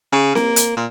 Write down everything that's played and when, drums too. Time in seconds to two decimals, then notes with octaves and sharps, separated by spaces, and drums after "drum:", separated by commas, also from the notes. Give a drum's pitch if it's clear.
0.12 C#3
0.35 A#3, drum: snare C4
0.56 drum: hi-hat
0.76 A#2